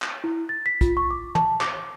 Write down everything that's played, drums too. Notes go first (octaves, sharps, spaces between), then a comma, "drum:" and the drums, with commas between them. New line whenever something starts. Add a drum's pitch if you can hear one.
drum: clap
E4
A6
B6
F4, drum: kick, hi-hat
C#6
D6
A5, drum: tom
D6, drum: clap